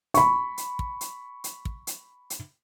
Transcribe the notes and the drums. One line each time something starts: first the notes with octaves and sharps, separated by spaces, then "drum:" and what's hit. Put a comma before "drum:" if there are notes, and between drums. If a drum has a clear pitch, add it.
B5 C#6, drum: hi-hat
drum: hi-hat
drum: kick
drum: hi-hat
drum: hi-hat
drum: kick
drum: hi-hat
drum: hi-hat